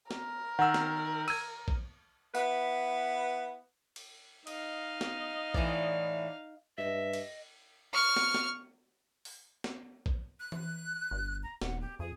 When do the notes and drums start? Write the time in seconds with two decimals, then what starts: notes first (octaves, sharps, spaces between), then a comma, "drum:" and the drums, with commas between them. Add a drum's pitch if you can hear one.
0.11 A#4, drum: snare
0.59 D#3 F#5 A#5 E6
0.74 drum: snare
1.28 E6 G#6 D#7, drum: cymbal
1.68 drum: kick A#1
2.35 B3 E4 B4, drum: tambourine
3.96 drum: cymbal
4.47 D#4 D#5 F5, drum: cymbal
5.01 drum: snare
5.54 A2 E3 D5, drum: kick A#1
6.78 G2 D#5 E5
7.13 drum: cymbal
7.93 C#6 F6
8.16 drum: snare
8.34 drum: snare
9.25 drum: open hi-hat
9.64 drum: snare
10.06 drum: kick A#1
10.40 F#6
10.52 drum: tom E3
11.11 G1
11.43 A#5
11.61 D#1 F#5, drum: snare
11.81 G4
11.99 F2 G#4